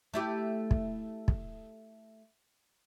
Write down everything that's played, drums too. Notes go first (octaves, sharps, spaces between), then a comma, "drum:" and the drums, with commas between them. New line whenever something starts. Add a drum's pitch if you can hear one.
A3 E4 G4
drum: kick
drum: kick